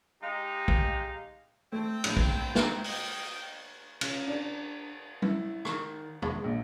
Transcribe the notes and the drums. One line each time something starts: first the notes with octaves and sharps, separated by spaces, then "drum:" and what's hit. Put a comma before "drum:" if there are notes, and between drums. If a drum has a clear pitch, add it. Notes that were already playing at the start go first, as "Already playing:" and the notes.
G#3 D#4 G4 F5
drum: kick B1
A3 C4 G5
A#1 A2, drum: cymbal
drum: kick B1
B4 A#5, drum: snare
D#5 G5, drum: open hi-hat
C#3, drum: cymbal
D4
E4, drum: tom
D#3, drum: rim click
G#3, drum: tom
A#1